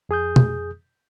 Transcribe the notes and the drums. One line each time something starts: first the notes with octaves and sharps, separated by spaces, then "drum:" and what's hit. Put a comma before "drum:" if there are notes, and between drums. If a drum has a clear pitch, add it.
F2 G#4 D#6 G6
drum: tom B2